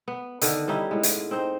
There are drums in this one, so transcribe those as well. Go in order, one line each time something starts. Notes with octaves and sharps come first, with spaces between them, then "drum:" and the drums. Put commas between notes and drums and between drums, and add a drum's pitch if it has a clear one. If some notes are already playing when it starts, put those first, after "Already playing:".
B3
D3 D#3 B3, drum: hi-hat
G3 C#4 D#4 E4
A2 G#3
drum: hi-hat
C4 D#4 C5